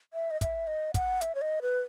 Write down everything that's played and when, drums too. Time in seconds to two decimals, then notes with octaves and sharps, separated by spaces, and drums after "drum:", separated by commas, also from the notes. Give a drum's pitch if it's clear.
0.13 E5
0.31 D#5
0.41 E5, drum: kick, hi-hat
0.67 D#5
0.94 F#5, drum: kick, hi-hat
1.21 E5, drum: hi-hat
1.35 C#5
1.41 D#5
1.62 B4